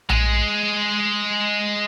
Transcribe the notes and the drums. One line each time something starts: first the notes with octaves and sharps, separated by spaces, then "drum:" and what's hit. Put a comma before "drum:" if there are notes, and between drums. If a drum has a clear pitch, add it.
G#3 G#4, drum: tom A#1